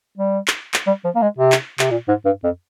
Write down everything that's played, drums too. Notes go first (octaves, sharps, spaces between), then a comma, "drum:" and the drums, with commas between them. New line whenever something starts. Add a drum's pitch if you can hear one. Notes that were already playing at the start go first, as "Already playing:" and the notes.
G3
drum: clap
drum: clap
G3
F3
A#3
G#3
C3
drum: clap
C3, drum: clap
A#2
G#2
G2
F2